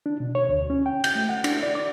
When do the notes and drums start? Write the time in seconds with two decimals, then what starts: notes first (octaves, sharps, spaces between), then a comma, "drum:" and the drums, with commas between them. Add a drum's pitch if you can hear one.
0.06 D4
0.20 B2
0.35 C#5
0.49 D2
0.70 C#4
0.86 G5
1.04 G6, drum: cymbal
1.15 A3
1.29 F#5
1.44 D4, drum: cymbal
1.63 D5
1.75 D6